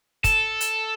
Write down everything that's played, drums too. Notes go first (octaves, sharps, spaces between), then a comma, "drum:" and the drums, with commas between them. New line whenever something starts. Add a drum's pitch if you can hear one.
A4, drum: kick, hi-hat
drum: hi-hat